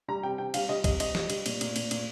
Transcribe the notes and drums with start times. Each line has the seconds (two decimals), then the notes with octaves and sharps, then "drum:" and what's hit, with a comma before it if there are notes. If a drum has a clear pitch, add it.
0.08 G3 A#5
0.23 C3 G5
0.38 C3 G5
0.54 G3 F5, drum: cymbal
0.69 G3 D#5
0.84 C3 D#5, drum: kick, cymbal
1.00 G3 D#5, drum: cymbal
1.15 G3, drum: snare
1.30 G3, drum: cymbal
1.46 A#2, drum: cymbal
1.61 A#2, drum: cymbal
1.76 A#2, drum: cymbal
1.91 A#2, drum: cymbal